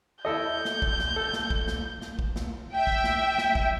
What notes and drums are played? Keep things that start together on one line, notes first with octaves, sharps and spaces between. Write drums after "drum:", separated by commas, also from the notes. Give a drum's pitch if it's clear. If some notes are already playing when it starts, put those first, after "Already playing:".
E4 A4 D#5 G6
drum: snare
drum: kick
drum: snare
A4
drum: snare
drum: kick
drum: snare
drum: snare
drum: kick
drum: snare
E5 G5
drum: kick
drum: snare
drum: snare
drum: kick